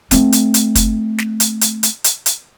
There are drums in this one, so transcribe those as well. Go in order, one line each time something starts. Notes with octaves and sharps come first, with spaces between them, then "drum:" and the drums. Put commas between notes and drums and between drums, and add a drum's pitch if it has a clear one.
A3 C4, drum: hi-hat
drum: hi-hat
drum: hi-hat
drum: kick, hi-hat
drum: snare
drum: hi-hat
drum: hi-hat
drum: hi-hat
drum: hi-hat
drum: hi-hat